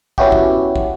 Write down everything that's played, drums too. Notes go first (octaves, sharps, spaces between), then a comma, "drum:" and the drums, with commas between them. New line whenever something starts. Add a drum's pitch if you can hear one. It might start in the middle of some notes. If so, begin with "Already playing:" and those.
B3 C#4 E4 F#4 G4, drum: kick
drum: kick
drum: kick